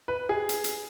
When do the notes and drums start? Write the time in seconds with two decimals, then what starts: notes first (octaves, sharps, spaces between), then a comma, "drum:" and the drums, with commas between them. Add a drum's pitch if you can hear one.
0.08 B4
0.29 G#4
0.49 drum: hi-hat
0.64 drum: hi-hat